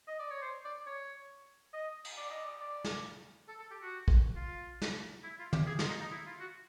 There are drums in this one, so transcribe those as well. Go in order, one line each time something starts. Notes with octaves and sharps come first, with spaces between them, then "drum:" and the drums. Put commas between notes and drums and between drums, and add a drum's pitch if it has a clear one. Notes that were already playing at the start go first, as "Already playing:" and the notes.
D#5
D5
C#5
C5
D5
C#5
D#5
drum: cymbal
D5
D#5
D5
D5
drum: snare
A4
A4
G4
F#4
drum: kick
F4
drum: snare
E4
F4
G4, drum: tom
G#4
F4, drum: snare
D#4
D#4
E4
F4
F#4